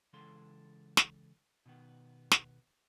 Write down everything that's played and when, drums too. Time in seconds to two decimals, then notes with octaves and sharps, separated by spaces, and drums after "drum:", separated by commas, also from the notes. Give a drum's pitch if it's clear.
0.13 C#3 E3 G#3 A4 C6
0.97 drum: snare
1.66 B2 D#3 B3
2.31 drum: snare